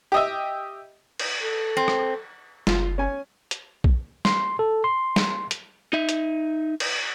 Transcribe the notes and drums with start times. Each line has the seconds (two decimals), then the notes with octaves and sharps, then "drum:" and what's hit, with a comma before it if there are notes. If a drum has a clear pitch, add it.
0.12 G4 D#5 E5
1.19 drum: cymbal
1.42 A4
1.77 C4
1.88 drum: rim click
2.67 F#1 F4, drum: snare
2.98 C#4 G#5
3.51 drum: hi-hat
3.84 drum: kick B1
4.25 C6, drum: snare
4.59 A4
4.84 C6
5.16 drum: snare
5.51 drum: hi-hat
5.93 D#4 E5
6.09 drum: hi-hat
6.80 drum: cymbal